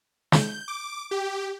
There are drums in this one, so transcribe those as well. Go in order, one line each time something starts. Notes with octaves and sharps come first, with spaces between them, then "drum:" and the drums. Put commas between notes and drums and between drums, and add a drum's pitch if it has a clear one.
G6, drum: snare
D6
G4